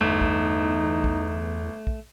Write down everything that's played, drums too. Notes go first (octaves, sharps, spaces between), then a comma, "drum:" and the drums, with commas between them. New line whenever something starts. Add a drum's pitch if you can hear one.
G1 E2 A3 D#4
drum: kick
drum: kick
drum: kick